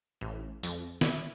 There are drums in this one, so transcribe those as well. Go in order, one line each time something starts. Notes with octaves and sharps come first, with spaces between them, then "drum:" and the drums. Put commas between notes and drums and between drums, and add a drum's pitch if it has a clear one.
A1
F2, drum: tambourine
E4, drum: snare